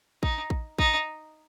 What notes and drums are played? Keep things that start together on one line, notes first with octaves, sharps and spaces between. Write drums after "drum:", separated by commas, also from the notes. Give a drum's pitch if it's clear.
D#4, drum: kick A1
drum: kick A1
D#4, drum: kick A1